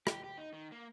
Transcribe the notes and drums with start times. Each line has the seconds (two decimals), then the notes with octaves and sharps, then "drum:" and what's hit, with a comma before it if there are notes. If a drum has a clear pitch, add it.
0.07 G4, drum: rim click
0.24 G4
0.38 D#4
0.54 D#3
0.72 A#3